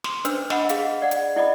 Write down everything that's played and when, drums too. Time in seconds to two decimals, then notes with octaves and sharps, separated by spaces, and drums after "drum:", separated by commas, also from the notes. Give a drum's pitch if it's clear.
0.04 C6, drum: snare
0.25 D4 B4 C5 E6, drum: hi-hat
0.50 D#5 F#5 B5, drum: snare
0.69 G#4 D#5 F5, drum: hi-hat
1.02 D5 F#5
1.11 drum: hi-hat
1.36 E4 D5 D#5 B5